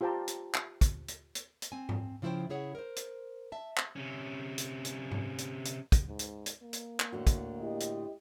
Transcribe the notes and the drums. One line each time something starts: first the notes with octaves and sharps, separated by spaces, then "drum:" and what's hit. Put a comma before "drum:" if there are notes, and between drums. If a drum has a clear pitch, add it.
F4 G4 C5 G5 A5 A#5
drum: hi-hat
drum: clap
drum: kick, hi-hat
drum: hi-hat
drum: hi-hat
drum: hi-hat
C4 G#5
drum: tom G#2
C#3 F3 E4 G4 C5 G5
C#3 E4 G#4 C#5 F#5
A#4 C5
drum: hi-hat
E5 A5
drum: clap
C3 C#4
drum: hi-hat
drum: hi-hat
drum: tom G#2
drum: hi-hat
drum: hi-hat
drum: kick, hi-hat
G#2
drum: hi-hat
drum: hi-hat
A#3
drum: hi-hat
drum: clap
A2 D3 F#4
drum: kick, hi-hat
E4 G4 D#5
drum: hi-hat